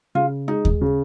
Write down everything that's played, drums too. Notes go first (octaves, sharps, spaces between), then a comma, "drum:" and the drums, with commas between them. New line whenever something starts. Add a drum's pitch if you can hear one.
C#3 F4
G#3 D#4
drum: kick D#2
C#3